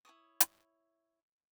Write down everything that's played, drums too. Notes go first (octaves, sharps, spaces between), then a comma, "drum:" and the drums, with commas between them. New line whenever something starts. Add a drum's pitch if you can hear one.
E4 A4 C#5 D#6
drum: hi-hat